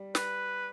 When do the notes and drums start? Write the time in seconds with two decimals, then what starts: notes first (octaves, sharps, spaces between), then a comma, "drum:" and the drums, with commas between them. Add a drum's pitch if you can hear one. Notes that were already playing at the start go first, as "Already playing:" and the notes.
Already playing: G3
0.15 B4, drum: snare